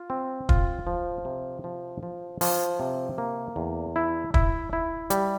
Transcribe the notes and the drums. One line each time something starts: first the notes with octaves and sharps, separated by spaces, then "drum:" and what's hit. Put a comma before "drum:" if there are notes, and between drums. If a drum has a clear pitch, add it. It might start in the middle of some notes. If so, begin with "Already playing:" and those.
Already playing: F4
C4
F4, drum: kick
F3
C3
F3
F3
F3, drum: open hi-hat
C3
A#3
E2
E4
E4, drum: kick
E4
G3, drum: hi-hat